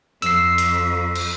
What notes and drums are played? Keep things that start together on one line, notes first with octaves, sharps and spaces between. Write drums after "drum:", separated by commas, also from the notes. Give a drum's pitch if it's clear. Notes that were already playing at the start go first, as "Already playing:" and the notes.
F2 E6 C7, drum: hi-hat
drum: hi-hat
drum: cymbal